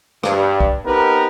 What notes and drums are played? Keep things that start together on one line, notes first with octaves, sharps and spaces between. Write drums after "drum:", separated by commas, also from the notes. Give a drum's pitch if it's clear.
G2, drum: rim click
drum: kick
B3 C4 D#4 G4 A#4 B4